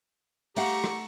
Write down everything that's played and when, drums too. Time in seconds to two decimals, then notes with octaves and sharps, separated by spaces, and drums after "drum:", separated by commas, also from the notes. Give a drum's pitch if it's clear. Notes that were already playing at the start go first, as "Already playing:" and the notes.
0.56 A3 G4 F5 F#5 A#5 C#6, drum: open hi-hat
0.84 drum: rim click